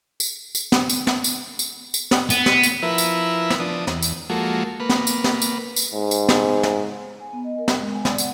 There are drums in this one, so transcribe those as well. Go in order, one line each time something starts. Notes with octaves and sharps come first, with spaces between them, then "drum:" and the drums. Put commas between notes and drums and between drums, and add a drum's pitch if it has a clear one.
drum: tambourine
drum: tambourine
drum: snare
drum: tambourine
drum: snare
drum: tambourine
drum: tambourine
drum: tambourine
drum: snare
B3, drum: tambourine
drum: snare
drum: tambourine
F3 E4 A#4 B4 E5
drum: tambourine
drum: snare
F3 D4 D#6
E2, drum: snare
drum: tambourine
F3 G#3 A#3 F#4 A4
A#3 B4
drum: snare
drum: tambourine
drum: snare
drum: tambourine
drum: tambourine
G#2
drum: tambourine
drum: snare
drum: snare
G#5
B3
D#5
A#4
drum: snare
G#3
G#5
D5, drum: snare
F#5, drum: tambourine